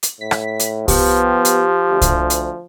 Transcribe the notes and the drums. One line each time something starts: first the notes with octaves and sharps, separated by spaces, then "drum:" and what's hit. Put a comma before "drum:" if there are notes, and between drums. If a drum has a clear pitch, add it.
drum: hi-hat
A2 B6
drum: rim click
drum: hi-hat
F3 B3 G4, drum: kick C2, open hi-hat
drum: hi-hat
D2
drum: kick C2, hi-hat
drum: hi-hat